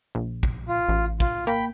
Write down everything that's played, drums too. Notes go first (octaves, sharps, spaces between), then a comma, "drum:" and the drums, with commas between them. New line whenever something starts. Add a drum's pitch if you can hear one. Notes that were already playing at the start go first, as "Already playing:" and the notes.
A#1
drum: kick
F4
A1
F4, drum: kick
A#3 G5 B5